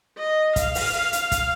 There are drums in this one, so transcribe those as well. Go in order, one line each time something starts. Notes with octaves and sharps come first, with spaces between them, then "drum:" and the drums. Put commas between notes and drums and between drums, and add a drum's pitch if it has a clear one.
D#5
F5, drum: kick, hi-hat
drum: open hi-hat
drum: hi-hat
drum: kick, hi-hat